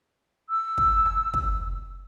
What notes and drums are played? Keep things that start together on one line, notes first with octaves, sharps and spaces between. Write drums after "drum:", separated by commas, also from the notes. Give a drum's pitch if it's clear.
E6
drum: kick
drum: rim click
drum: kick